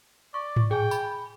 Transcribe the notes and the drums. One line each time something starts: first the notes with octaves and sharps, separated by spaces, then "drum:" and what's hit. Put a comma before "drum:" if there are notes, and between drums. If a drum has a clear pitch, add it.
D5 C#6
drum: tom G#2
G#4 G5 G#5
B5, drum: tambourine